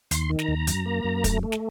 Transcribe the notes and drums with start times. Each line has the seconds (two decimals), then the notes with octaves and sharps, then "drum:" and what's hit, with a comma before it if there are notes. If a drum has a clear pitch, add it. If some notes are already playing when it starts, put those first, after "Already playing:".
0.11 D#2 C6, drum: hi-hat
0.30 D#3
0.39 A#5, drum: snare
0.48 D#2
0.67 F#2, drum: hi-hat
0.86 A#3
1.04 F#2
1.24 A3, drum: kick, hi-hat
1.43 A3
1.52 drum: snare